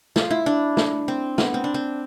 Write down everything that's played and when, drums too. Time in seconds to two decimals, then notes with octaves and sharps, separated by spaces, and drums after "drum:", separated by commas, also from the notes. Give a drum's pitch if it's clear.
0.16 F4, drum: snare
0.31 E4
0.46 D4
0.77 drum: snare
1.08 C4
1.38 B3, drum: snare
1.54 C4
1.64 D4
1.74 C4